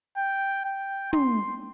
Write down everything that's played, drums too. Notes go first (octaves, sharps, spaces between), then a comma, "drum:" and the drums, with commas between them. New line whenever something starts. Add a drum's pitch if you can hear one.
G5
G5
C6, drum: tom